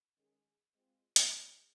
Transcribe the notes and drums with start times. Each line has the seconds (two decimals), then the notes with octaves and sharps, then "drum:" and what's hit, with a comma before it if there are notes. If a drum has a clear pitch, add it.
0.16 D#3 G#3 C#4 G#4
0.74 G#3 C4 F4
1.16 drum: hi-hat
1.33 G#3 C#4 F4 G#4